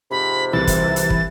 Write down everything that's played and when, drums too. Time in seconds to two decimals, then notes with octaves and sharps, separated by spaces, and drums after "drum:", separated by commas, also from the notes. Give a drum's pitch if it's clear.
0.11 F2 G#2 C3 B5
0.53 C2 E3 A6
0.67 drum: kick, hi-hat
0.96 drum: hi-hat
1.10 drum: kick